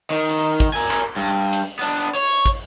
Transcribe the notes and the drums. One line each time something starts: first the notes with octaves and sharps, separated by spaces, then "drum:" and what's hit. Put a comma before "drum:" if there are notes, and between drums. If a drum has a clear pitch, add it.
D#3
drum: hi-hat
drum: kick, hi-hat
A#4 G#5
drum: clap
G2
drum: hi-hat
B3 D4
C#5, drum: hi-hat
drum: kick, hi-hat